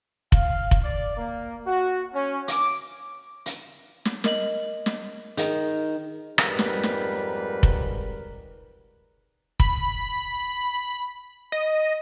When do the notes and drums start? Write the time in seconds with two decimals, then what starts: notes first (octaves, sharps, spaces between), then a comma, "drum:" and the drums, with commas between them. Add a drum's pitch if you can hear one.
0.32 F5, drum: kick F1
0.71 drum: kick F1
0.83 D5
1.17 A#3
1.66 F#4
2.13 C#4
2.48 D6, drum: hi-hat
3.46 drum: hi-hat
4.05 drum: snare
4.24 A#4 D#5 F#7, drum: snare
4.86 drum: snare
5.37 D#3 G#4, drum: hi-hat
6.38 F2 G#2 G3 A#4 B4, drum: rim click
6.59 drum: snare
6.83 drum: snare
7.63 drum: kick F1
9.60 B5, drum: kick F1
11.52 D#5